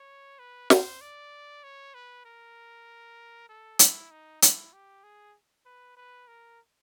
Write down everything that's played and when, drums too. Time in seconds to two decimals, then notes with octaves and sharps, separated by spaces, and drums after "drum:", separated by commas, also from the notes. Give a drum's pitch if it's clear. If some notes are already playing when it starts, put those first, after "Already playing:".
Already playing: C#5
0.39 B4
0.70 C5, drum: snare
1.01 D5
1.64 C#5
1.94 B4
2.25 A#4
3.49 A4
3.79 E4, drum: hi-hat
4.11 D#4
4.42 E4, drum: hi-hat
4.73 G4
5.04 G#4
5.65 B4
5.97 B4
6.27 A#4